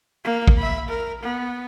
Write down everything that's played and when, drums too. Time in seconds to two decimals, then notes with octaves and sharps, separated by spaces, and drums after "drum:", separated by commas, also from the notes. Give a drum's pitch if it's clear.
0.24 A#3
0.48 drum: kick
0.58 E5 B5
0.88 A#4
1.22 B3